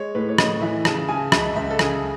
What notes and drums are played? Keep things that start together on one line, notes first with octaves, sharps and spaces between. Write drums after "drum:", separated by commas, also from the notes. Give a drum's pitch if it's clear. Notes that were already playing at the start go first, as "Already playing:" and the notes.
Already playing: G#3 C#5
A2 B4
C#5
A2 D#5, drum: rim click
E3 E5
C#3 A5, drum: rim click
C#3 G#5
C#2 E5, drum: rim click
C#2 E5
A4
C#3 G#4, drum: rim click